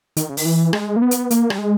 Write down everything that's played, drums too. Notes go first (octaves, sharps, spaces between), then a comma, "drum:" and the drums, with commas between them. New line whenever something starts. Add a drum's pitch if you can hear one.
D#3, drum: hi-hat
C#3
D#3, drum: open hi-hat
E3
G#3, drum: rim click
A#3
B3
drum: hi-hat
A#3, drum: hi-hat
G3, drum: rim click
G#3